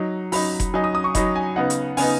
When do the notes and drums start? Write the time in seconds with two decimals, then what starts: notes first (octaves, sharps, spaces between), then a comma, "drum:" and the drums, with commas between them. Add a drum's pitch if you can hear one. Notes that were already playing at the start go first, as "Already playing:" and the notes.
Already playing: F#3 D#4
0.32 F#3 D#4 B5, drum: open hi-hat
0.60 drum: kick F1, hi-hat
0.74 F#3 D#4 G#5
0.84 D#6
0.95 D#6
1.04 C#6
1.15 F#3 D#4 B5, drum: kick F1, hi-hat
1.36 G#5
1.56 C#3 B3 D#4 F#5
1.70 drum: hi-hat
1.97 C#3 B3 D#4 G#5, drum: open hi-hat